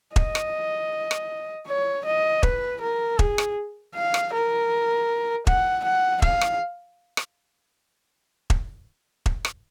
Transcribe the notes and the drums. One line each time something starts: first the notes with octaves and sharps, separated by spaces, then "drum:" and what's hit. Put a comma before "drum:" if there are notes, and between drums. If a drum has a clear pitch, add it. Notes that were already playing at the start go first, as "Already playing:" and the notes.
D#5, drum: kick E1
drum: rim click
drum: rim click
C#5
D#5
B4, drum: kick E1
A#4
G#4, drum: kick E1
drum: rim click
F5
drum: rim click
A#4
F#5, drum: kick E1
F#5
F5, drum: kick E1
drum: rim click
drum: rim click
drum: kick E1
drum: kick E1
drum: rim click